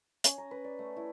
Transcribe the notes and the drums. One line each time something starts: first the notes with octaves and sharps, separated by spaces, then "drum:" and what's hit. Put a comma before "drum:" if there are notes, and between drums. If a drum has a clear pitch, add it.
C#4, drum: hi-hat
A#5
B4
D5
A3
E4